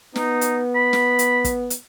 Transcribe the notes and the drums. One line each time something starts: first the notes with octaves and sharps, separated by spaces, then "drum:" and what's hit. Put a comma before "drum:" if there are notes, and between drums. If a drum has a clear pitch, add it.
B3 D#4, drum: snare
drum: hi-hat
B5
drum: snare
drum: hi-hat
drum: kick, hi-hat
drum: hi-hat